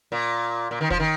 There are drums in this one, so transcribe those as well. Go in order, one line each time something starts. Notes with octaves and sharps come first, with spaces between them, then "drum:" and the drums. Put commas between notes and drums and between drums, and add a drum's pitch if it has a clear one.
A#2
A#2
D#3
F3, drum: kick
D#3